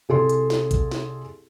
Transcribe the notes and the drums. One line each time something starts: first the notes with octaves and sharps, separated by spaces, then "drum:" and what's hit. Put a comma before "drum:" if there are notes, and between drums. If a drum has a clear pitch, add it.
C2 G#4 A4 C6
drum: hi-hat
drum: snare
drum: kick, hi-hat
drum: snare